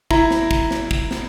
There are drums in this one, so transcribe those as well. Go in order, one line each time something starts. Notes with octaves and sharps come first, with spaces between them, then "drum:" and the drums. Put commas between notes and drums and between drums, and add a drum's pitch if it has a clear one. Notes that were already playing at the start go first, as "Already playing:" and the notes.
E4 A#5, drum: kick
drum: snare
drum: kick
drum: snare
drum: kick
drum: snare